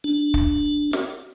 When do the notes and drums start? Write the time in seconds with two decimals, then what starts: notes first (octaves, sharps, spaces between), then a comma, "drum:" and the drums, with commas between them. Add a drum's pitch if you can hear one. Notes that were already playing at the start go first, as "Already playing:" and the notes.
0.04 D4
0.34 drum: kick
0.93 drum: snare